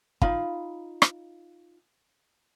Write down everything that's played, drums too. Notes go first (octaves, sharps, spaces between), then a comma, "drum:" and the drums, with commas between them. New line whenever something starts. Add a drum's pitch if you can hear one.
D#4 F4 F5 B5, drum: kick
drum: rim click